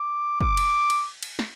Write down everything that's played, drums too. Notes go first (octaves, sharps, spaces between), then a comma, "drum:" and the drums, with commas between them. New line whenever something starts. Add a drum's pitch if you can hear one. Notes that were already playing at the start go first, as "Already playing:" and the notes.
Already playing: D6
D6, drum: kick
drum: cymbal
drum: cymbal
drum: cymbal
drum: snare